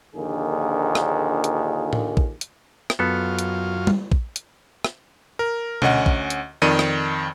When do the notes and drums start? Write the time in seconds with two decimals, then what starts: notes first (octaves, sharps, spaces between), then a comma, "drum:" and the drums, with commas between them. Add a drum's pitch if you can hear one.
0.15 A#1 D#2 D3 F3 A#3 G#4
0.95 drum: rim click
1.44 drum: hi-hat
1.93 drum: tom A2
2.17 drum: kick A#1
2.41 drum: hi-hat
2.90 drum: rim click
2.99 F#2 B3 F4 A4
3.39 drum: hi-hat
3.87 drum: tom G3
4.12 drum: kick A#1
4.36 drum: hi-hat
4.84 drum: rim click
5.39 A#4
5.82 D2 C#4 D#5 F#5, drum: tom B2
6.06 drum: kick A#1
6.30 drum: hi-hat
6.62 F2 D#3 D5 D#7
6.79 drum: rim click